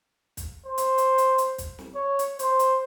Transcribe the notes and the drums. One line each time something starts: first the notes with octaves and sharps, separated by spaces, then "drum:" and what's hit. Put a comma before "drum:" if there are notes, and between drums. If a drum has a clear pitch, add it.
drum: kick, hi-hat
C5
drum: hi-hat
drum: hi-hat
drum: hi-hat
drum: hi-hat
drum: kick, hi-hat
drum: snare
C#5
drum: hi-hat
C5, drum: hi-hat
drum: hi-hat